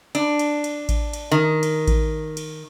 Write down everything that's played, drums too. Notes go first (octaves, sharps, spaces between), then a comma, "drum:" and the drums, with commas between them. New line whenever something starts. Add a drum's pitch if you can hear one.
D4, drum: cymbal
drum: cymbal
drum: cymbal
drum: kick A1, cymbal
drum: cymbal
D#3
drum: cymbal
drum: kick A1, cymbal
drum: cymbal